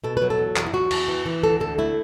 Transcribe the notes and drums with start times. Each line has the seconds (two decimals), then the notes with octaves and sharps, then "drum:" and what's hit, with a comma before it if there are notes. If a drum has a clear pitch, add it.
0.04 B2 A4
0.17 F#3 B4
0.30 A4
0.38 E2
0.56 E2, drum: clap
0.66 E4
0.73 E2 F#4
0.91 E2, drum: cymbal
1.08 E3
1.26 E3
1.43 D2 A4
1.60 D2 A4
1.78 A3 E4